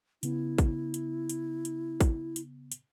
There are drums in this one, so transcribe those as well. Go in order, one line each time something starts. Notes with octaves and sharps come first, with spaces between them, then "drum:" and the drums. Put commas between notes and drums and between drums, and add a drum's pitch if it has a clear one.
C#3 B3 E4, drum: hi-hat
drum: kick, hi-hat
drum: hi-hat
drum: hi-hat
drum: hi-hat
drum: kick, hi-hat
drum: hi-hat
drum: hi-hat